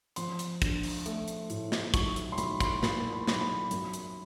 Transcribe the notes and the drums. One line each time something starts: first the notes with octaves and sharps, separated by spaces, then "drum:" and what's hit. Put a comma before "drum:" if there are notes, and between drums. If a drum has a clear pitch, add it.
F3 C6, drum: hi-hat
drum: hi-hat
D4, drum: kick, hi-hat
drum: open hi-hat
A3, drum: hi-hat
drum: hi-hat
A2, drum: hi-hat
drum: snare
B1 C#6, drum: kick, hi-hat
drum: hi-hat
C6
B1 B5, drum: hi-hat
C6, drum: kick, hi-hat
A#2 B5, drum: snare
B5
B1, drum: snare
B5
F#2, drum: hi-hat
drum: hi-hat